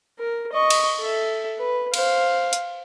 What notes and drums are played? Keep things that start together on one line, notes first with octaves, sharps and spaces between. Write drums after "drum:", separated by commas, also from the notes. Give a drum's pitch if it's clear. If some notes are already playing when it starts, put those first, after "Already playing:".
A#4
D#5 C#6
drum: cymbal
A4 E5
B4
C5 F5, drum: cymbal
drum: hi-hat